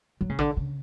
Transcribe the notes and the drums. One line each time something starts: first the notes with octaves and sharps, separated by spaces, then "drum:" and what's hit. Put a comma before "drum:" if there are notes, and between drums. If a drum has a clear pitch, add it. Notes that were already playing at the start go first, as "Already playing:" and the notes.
F#3
C#3
D3, drum: kick A1
C#3